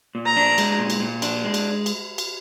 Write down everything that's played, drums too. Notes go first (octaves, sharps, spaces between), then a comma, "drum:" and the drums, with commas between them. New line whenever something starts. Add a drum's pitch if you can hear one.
A#2
A#5
D4
G#3, drum: cymbal
A#2
drum: cymbal
A#2
D4, drum: cymbal
G#3
drum: cymbal
drum: cymbal
drum: cymbal